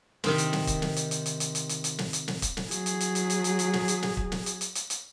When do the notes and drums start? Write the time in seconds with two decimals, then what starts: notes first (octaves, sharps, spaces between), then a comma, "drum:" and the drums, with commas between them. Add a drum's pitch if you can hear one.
0.24 C3 D#3 C4, drum: snare
0.38 drum: hi-hat
0.53 drum: snare
0.67 drum: kick, hi-hat
0.82 drum: snare
0.96 drum: hi-hat
1.11 drum: hi-hat
1.26 drum: hi-hat
1.40 drum: hi-hat
1.55 drum: hi-hat
1.69 drum: hi-hat
1.84 drum: hi-hat
1.98 drum: snare
2.13 drum: hi-hat
2.28 drum: snare
2.42 drum: kick, hi-hat
2.57 drum: snare
2.71 F#3 G#4, drum: hi-hat
2.86 drum: hi-hat
3.00 drum: hi-hat
3.15 drum: hi-hat
3.30 drum: hi-hat
3.44 drum: hi-hat
3.59 drum: hi-hat
3.73 drum: snare
3.88 drum: hi-hat
4.02 drum: snare
4.17 drum: kick
4.32 drum: snare
4.46 drum: hi-hat
4.61 drum: hi-hat
4.75 drum: hi-hat
4.90 drum: hi-hat